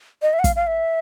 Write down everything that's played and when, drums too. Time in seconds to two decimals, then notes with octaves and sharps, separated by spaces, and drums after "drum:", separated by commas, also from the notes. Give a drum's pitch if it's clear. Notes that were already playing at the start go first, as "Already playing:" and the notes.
0.22 D#5
0.33 E5
0.39 F#5
0.44 F5, drum: kick, hi-hat
0.56 F5
0.67 E5